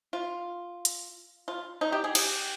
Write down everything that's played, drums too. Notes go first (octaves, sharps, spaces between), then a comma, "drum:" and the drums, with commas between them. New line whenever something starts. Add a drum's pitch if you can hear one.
F4
drum: hi-hat
F4
D#4
G4
G#4
G4, drum: cymbal